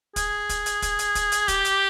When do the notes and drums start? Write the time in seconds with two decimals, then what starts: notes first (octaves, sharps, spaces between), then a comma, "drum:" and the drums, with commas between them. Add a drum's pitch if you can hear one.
0.16 G#4, drum: kick, hi-hat
0.49 drum: kick, hi-hat
0.66 drum: hi-hat
0.82 drum: kick, hi-hat
0.99 drum: hi-hat
1.15 drum: kick, hi-hat
1.32 drum: hi-hat
1.48 G4, drum: kick, hi-hat
1.65 drum: hi-hat